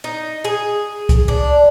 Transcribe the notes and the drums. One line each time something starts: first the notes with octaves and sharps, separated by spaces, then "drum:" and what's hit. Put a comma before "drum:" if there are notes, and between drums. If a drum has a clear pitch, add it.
D#4
G#4
drum: kick C2, hi-hat
D4